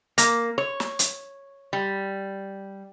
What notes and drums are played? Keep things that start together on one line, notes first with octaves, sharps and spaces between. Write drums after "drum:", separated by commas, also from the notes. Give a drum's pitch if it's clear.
A#3, drum: hi-hat
C#5
drum: snare
drum: hi-hat
G3